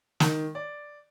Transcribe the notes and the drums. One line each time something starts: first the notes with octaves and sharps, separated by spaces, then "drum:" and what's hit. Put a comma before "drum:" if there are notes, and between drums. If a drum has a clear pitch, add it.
D#3, drum: snare
D5